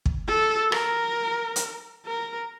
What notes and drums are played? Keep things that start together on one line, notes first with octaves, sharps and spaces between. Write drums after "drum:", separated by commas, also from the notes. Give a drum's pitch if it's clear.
drum: kick
A4
A#4, drum: rim click
drum: hi-hat
A#4